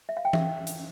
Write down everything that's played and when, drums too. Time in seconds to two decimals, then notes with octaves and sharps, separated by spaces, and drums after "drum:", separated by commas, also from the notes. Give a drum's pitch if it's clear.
0.09 E5
0.17 F5
0.25 G5
0.33 E5, drum: tom E3
0.67 drum: hi-hat